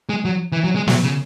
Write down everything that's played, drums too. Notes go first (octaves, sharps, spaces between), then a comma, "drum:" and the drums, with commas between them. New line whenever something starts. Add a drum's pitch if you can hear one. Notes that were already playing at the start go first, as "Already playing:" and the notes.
G#3
F#3
E3
F#3
G#3
F#3, drum: snare
C#3